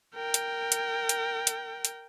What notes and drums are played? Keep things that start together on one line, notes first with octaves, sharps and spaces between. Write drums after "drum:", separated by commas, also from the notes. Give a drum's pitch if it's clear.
A#4 G5
drum: hi-hat
drum: hi-hat
drum: hi-hat
drum: hi-hat
drum: hi-hat